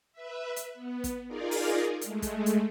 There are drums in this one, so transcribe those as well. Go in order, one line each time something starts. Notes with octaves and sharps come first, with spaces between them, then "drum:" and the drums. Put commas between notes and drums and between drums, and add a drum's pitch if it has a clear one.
B4 E5
drum: hi-hat
B3
drum: kick, hi-hat
D#4 F4 G#4 A#4 D5
drum: open hi-hat
G#3 A3, drum: hi-hat
drum: kick, hi-hat
drum: hi-hat